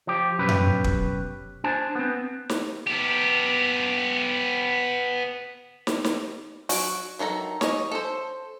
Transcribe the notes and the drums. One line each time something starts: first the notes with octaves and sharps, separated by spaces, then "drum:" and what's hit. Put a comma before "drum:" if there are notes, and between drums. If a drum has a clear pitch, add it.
F3 G4
B1 F#2 C#4 G4 B4
drum: tom F#2
drum: kick
D4 C5 G#5 A5
B3 C4
drum: snare
B3 G4
drum: snare
drum: snare
F#3 F#4, drum: open hi-hat
D#3 F#3 A4 A#5
C#5 D#5, drum: snare
A4 C5